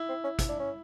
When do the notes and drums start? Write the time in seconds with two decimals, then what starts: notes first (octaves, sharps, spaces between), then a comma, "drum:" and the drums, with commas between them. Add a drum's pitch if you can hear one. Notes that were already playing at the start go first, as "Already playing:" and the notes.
Already playing: E4
0.09 C4
0.24 C#4
0.39 drum: kick, hi-hat
0.49 D4
0.60 C#4